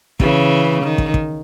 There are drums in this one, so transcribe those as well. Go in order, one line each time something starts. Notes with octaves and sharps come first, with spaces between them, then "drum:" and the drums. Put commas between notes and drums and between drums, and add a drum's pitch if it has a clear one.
C#3 E3, drum: kick
D#3
drum: kick
drum: kick